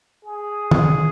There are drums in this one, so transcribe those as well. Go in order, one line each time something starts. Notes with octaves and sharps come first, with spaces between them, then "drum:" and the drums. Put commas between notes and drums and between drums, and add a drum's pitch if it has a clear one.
G#4
drum: tom